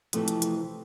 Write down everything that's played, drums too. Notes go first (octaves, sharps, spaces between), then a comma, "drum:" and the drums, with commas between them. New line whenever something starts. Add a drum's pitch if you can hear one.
F2 C3 E3 F3 A3, drum: hi-hat
drum: hi-hat
drum: hi-hat